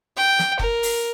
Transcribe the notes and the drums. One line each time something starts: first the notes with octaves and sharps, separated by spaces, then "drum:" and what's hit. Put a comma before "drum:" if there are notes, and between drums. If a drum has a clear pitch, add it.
G5
drum: snare
A#4, drum: kick
drum: open hi-hat